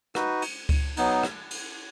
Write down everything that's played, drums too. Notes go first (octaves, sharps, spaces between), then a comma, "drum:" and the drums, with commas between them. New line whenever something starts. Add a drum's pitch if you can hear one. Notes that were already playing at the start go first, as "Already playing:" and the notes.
D#4 F#4 B4, drum: rim click
drum: cymbal
drum: kick C#2, cymbal
F#3 B3 D#4, drum: cymbal
drum: rim click
drum: cymbal